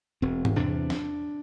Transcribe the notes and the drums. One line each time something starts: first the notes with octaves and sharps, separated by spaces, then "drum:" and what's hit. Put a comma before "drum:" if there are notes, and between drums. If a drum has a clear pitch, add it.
E1 C4
drum: tom G#2
E2 C3 D4
drum: snare